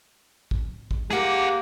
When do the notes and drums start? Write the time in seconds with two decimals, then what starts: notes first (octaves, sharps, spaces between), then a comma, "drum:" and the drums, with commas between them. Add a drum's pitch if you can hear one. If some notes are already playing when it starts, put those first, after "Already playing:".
0.51 drum: kick
0.91 drum: kick
1.10 A#3 G4 G#4 F#5, drum: snare